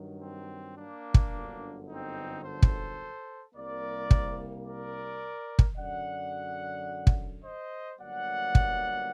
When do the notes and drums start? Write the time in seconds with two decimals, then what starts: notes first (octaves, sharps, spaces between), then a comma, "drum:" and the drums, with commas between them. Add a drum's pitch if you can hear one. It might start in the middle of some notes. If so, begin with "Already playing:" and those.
Already playing: G2 D#3 F#3
0.22 C4
0.77 A#3 D4
1.14 drum: kick
1.33 G1 F#2 D3
1.88 C4 D#4
2.44 A4 C5
2.62 drum: kick
3.55 C2 C3 G3 A#3 A#4 D5
4.11 drum: kick
4.66 A#4 D5
5.59 drum: kick
5.77 F#2 D3 F#3 D5 F#5
7.07 drum: kick
7.44 C5 D#5
7.99 G1 G2 F#3 A#3 D5 F#5
8.55 drum: kick